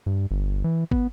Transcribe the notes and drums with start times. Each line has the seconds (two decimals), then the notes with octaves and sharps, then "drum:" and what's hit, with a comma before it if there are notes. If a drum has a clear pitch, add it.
0.06 G2
0.31 G1
0.64 E3
0.91 B3, drum: kick